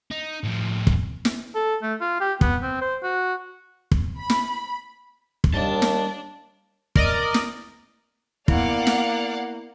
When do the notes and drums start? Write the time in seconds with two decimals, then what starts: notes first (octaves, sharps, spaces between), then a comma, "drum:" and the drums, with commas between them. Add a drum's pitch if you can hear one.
0.11 D#4
0.43 A2 F3
0.87 drum: kick
1.25 drum: snare
1.55 A4
1.82 A3
2.01 F4
2.21 G4
2.41 B3, drum: kick
2.62 C4
2.81 C5
3.03 F#4
3.91 drum: kick
4.18 B5
4.30 drum: snare
5.44 drum: kick
5.54 D#2 G3 D4 A5
5.82 drum: snare
6.96 A#4 D5 D#5, drum: kick
7.34 drum: snare
8.48 A#3 B3 E4 D5 F5 F#5, drum: kick
8.87 drum: snare